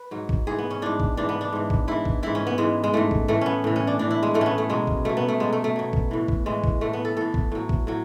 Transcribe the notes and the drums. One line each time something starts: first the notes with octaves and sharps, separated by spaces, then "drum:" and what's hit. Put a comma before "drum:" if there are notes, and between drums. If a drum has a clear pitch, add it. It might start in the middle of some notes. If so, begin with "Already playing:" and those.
Already playing: B4
G#2 F#3
drum: kick
G#2 E3 G#4
B3
C#4
G#2 E3 D4
drum: kick
G#2 E3 D4
B3
D4
G#2 E3
drum: kick
G#2 E3 E4
drum: kick
G#2 E3 E4
C#4
B3
G#2 E3 G#3
G#3
G#2 E3 A3
drum: kick
A2 E3 A3
B3 C#4
A2 E3
C#4
D4
A2 E3 D4
E4
G#3
A2 E3 A3
B3 C#4
A3
B2 F#3 G#3
drum: kick
B2 F#3 A3
B3
A3
B2 F#3 G#3
A3
A3
B2 F#3
drum: kick
A2 E3
drum: kick
A2 E3 G#3
drum: kick
A2 E3 A3
B3
A4
A2 E3 A4
drum: kick
A2 F#3
drum: kick
A2 F#3